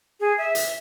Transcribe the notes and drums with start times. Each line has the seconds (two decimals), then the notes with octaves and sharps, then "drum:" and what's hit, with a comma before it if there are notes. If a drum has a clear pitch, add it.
0.20 G#4
0.38 E5
0.55 drum: hi-hat